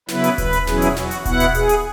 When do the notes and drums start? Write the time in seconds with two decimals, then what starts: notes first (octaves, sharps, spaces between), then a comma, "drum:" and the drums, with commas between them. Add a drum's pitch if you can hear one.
0.09 C#3 F#3 B3 E4 B4, drum: snare
0.24 drum: hi-hat
0.38 B4, drum: kick D#1, hi-hat
0.53 drum: hi-hat
0.67 E2 B2 F#3 C#4 E4 G#4, drum: snare
0.82 drum: hi-hat
0.97 F#4, drum: snare
1.11 drum: hi-hat
1.25 B2 B3 E4 F#5, drum: kick D#1, hi-hat
1.40 drum: hi-hat
1.55 G#4, drum: hi-hat
1.69 drum: hi-hat